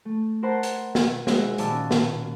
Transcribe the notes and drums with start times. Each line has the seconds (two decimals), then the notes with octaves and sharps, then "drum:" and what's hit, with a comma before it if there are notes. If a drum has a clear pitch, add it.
0.05 A3
0.43 A#4 C5 F#5 A5 B5 C6
0.63 drum: hi-hat
0.95 drum: snare
1.27 G#3 D#4 F#4 C5 E5, drum: snare
1.58 D#2 A#2 A#3 D5 A5 E6, drum: hi-hat
1.72 C#4
1.91 drum: snare